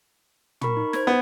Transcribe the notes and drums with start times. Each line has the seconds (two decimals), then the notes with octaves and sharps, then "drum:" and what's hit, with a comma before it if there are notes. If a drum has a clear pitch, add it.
0.61 A#4 B5 C#6, drum: tom
0.77 D#4
0.93 C5 G#6, drum: snare
1.07 B3